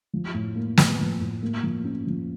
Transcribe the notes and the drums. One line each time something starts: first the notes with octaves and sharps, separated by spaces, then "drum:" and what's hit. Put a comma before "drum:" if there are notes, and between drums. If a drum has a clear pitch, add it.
F3
A2
A#3
A2, drum: snare
F3
A2
A#3
F3
C#4
F3